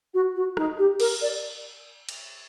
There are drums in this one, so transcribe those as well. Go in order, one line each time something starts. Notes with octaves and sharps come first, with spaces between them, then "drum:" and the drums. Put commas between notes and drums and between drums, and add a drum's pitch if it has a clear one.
F#4
F#4
D#4, drum: rim click
G4
A#4, drum: cymbal
D5
drum: cymbal